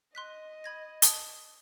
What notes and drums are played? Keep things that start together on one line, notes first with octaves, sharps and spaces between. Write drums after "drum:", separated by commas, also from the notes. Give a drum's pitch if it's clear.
D#5 C6 F#6 B6
B5 G#6 A#6
A5 D#6, drum: hi-hat